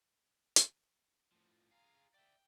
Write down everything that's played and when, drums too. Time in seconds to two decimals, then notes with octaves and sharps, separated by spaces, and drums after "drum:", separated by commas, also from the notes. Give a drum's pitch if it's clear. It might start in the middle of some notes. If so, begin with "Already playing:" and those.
0.56 drum: hi-hat
1.32 A2 F3
1.71 F4 G#4 F5 A#5
2.14 D5 E5 G5